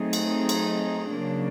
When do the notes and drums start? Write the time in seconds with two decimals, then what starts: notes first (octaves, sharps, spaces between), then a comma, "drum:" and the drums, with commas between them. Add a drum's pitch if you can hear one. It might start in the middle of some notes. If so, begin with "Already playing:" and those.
Already playing: F#3 A3 C4 D#4 G#4
0.13 drum: cymbal
0.49 drum: cymbal
1.10 C#3 F#3 A#3 D4